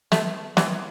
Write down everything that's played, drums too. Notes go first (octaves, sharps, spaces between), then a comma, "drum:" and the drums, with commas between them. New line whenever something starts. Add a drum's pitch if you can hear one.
A3, drum: snare
E3, drum: snare